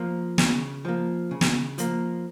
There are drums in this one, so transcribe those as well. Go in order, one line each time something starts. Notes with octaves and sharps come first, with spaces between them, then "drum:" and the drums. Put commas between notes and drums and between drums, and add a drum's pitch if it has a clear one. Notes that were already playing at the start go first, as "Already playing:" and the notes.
Already playing: F3 A#3
C#3, drum: snare
F3 A#3
C#3
drum: snare
F3 A#3, drum: hi-hat